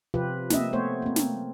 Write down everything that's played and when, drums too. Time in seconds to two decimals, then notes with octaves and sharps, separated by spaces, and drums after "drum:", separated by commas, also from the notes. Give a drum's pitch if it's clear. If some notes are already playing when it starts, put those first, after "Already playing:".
0.14 C3 F3 F4 G4 B4
0.50 A#3 C4 D#5 E5, drum: snare
0.73 A3 B3 C5 C#5
1.02 A#3 C4
1.16 drum: snare